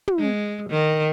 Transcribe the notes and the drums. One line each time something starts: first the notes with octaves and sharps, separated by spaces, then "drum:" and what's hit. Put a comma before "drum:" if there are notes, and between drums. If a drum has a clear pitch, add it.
drum: tom
G#3
D#3